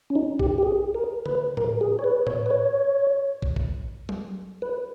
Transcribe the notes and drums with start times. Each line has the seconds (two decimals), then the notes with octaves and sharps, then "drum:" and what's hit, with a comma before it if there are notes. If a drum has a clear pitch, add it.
0.10 C#4
0.15 D#4
0.39 G4, drum: kick
0.58 G4
0.63 G#4
0.95 A#4
1.26 B4, drum: tom C#3
1.57 A#4, drum: tom A2
1.81 G#4
1.99 C#5
2.04 B4
2.27 C#5, drum: tom A2
2.46 B4
2.50 C#5
3.42 drum: kick
3.56 drum: kick
4.09 drum: tom F#3
4.62 B4